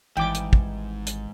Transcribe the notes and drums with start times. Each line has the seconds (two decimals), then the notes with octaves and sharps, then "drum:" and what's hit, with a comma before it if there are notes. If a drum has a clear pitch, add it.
0.17 G#1 G#2 E3 G3 G5 D6
0.35 drum: hi-hat
0.53 drum: kick
1.07 drum: hi-hat